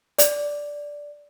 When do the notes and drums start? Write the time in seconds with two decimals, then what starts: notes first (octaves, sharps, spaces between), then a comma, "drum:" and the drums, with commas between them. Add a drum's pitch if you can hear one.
0.18 D5, drum: hi-hat